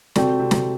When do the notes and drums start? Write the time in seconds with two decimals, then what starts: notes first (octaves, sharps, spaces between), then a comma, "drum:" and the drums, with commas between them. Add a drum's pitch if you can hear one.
0.16 C3 C4 F#4 A4 D5 G5, drum: snare
0.39 C3 C4
0.51 drum: snare